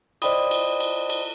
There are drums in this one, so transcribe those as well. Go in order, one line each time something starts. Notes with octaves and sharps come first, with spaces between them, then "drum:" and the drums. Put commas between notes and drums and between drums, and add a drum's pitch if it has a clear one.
C5 D5 D#5 G5 B5 D#6, drum: cymbal
drum: cymbal
drum: cymbal
drum: cymbal